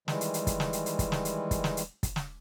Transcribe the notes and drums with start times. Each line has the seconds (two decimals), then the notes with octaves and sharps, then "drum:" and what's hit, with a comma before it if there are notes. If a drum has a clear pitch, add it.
0.08 D#3 E3 G3 G#3, drum: snare
0.21 drum: hi-hat
0.34 drum: hi-hat
0.47 drum: kick, hi-hat
0.60 drum: snare
0.73 drum: hi-hat
0.86 drum: hi-hat
0.99 drum: kick, hi-hat
1.12 drum: snare
1.25 drum: hi-hat
1.51 drum: kick, hi-hat
1.64 drum: snare
1.77 drum: hi-hat
2.03 drum: kick, hi-hat
2.16 drum: snare